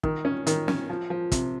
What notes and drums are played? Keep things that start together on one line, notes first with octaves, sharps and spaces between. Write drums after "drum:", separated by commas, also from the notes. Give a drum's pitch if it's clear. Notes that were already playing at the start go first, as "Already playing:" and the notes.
D#3, drum: kick
C#4
D#3, drum: hi-hat
C#4, drum: snare
F3
F3
C3, drum: kick, hi-hat